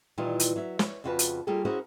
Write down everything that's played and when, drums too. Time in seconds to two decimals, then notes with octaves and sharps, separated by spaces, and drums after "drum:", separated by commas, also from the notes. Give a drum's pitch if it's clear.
0.18 A#2 D#3 E3 G3 D#4 F4
0.40 drum: hi-hat
0.56 F#3 E5
0.79 C#5, drum: snare
1.04 F2 C#3 F4 F#4 B4 A5
1.19 drum: hi-hat
1.47 G3 A#3 F4 G#4 A4
1.65 C#4 E4 F#4 G#4 A#4 C5